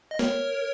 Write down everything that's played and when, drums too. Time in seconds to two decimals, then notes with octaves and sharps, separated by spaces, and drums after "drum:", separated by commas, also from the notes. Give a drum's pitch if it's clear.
0.11 D#5
0.19 A#4 C#5, drum: snare